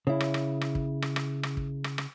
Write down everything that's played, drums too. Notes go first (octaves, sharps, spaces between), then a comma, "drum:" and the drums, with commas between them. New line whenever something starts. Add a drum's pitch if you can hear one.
C#3 E4
drum: rim click
drum: rim click
drum: rim click
drum: kick
drum: rim click
drum: rim click
drum: rim click
drum: kick
drum: rim click
drum: rim click